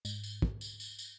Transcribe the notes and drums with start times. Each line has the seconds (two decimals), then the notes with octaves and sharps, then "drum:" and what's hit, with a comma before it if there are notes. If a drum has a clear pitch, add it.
0.05 G#2, drum: tambourine
0.24 drum: tambourine
0.42 drum: kick
0.61 drum: tambourine
0.80 drum: tambourine
0.99 drum: tambourine